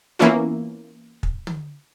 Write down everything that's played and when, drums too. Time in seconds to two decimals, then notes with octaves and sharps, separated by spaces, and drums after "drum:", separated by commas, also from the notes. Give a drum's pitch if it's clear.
0.19 E3 A#3 B3 C#4 E4 F4
1.23 drum: kick
1.47 drum: tom